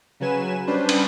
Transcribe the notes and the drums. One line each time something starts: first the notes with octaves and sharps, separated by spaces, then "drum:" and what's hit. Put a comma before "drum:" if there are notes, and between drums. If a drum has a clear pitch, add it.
C#3 F#3 B4 G#5 E7
G3 C#4 D4 B4 C5
drum: cymbal